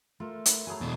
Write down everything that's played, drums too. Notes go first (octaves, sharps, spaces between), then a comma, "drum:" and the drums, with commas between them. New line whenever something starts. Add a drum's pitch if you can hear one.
A3 F4 A#4
A#4 B4, drum: hi-hat
F#3 A3 G#4 G#5 A#5
E2 B2 A5